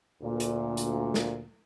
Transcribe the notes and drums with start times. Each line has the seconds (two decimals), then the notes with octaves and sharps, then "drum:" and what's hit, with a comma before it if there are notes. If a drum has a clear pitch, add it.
0.21 D2 A#2
0.40 drum: hi-hat
0.77 drum: hi-hat
1.14 drum: snare